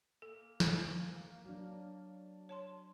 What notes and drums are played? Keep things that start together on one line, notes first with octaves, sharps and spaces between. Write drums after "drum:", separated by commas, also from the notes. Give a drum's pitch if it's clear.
A#3 A4
drum: snare
F#3 D4
C#5 A5 C6